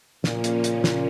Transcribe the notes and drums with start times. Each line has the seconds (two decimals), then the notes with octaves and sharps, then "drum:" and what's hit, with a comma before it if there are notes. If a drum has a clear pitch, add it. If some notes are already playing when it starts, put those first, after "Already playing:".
0.24 A#2 C#3 F3 A#3 C#4, drum: snare
0.44 drum: hi-hat
0.64 drum: hi-hat
0.84 drum: snare